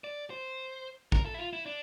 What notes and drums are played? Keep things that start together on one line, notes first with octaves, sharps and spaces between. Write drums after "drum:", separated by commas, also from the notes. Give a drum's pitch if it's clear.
D5
C5
A#4, drum: kick A1
A4
E4
F4
E4
D4